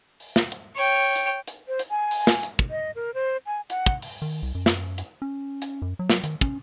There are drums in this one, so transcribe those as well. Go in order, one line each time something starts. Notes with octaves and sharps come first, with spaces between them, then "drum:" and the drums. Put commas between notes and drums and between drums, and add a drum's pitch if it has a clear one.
drum: open hi-hat
drum: snare
drum: hi-hat
C#5 G5
drum: hi-hat
drum: hi-hat
C5
drum: hi-hat
G#5
drum: open hi-hat
drum: snare
drum: hi-hat
drum: kick
D#5
A#4
C5
G#5
F#5, drum: hi-hat
drum: kick
drum: open hi-hat
D#3
C2
F#2
drum: snare
drum: hi-hat
C#4
drum: hi-hat
F#2
F#3
drum: snare
D#3, drum: hi-hat
C#4, drum: kick